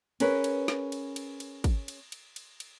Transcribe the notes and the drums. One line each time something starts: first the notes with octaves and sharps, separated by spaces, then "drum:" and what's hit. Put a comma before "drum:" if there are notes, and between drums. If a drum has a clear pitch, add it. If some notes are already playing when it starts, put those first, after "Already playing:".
C#4 G#4 A#4 B4 C#5, drum: cymbal
drum: cymbal
drum: snare
drum: cymbal
drum: cymbal
drum: cymbal
drum: kick, cymbal
drum: cymbal
drum: cymbal
drum: cymbal
drum: cymbal